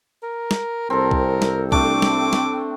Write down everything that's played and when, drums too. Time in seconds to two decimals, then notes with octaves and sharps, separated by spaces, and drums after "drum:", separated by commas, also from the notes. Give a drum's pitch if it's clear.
0.23 A#4
0.51 drum: snare
0.90 C2 C4 A4 A#4
1.11 drum: kick C2
1.42 drum: snare
1.72 A3 C4 D4 D6, drum: kick C2
2.02 drum: snare
2.33 drum: snare